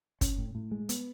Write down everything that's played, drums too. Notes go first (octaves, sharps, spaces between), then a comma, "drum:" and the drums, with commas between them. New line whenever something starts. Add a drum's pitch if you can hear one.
C#4, drum: kick, hi-hat
A2
A2
G#3
B3, drum: hi-hat